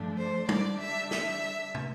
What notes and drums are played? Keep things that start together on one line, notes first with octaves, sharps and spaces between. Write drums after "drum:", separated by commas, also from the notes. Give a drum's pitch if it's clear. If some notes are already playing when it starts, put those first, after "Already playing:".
Already playing: G2 F3 A3 D4
C5
D3 G3 D4 D5, drum: tom G3
E5
E5, drum: snare
drum: tom